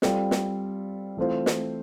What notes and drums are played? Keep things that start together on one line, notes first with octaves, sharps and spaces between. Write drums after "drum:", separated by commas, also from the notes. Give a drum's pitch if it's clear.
G3 C4 F4 A4, drum: snare
drum: snare
E3 A3 C4 F4 C5
drum: snare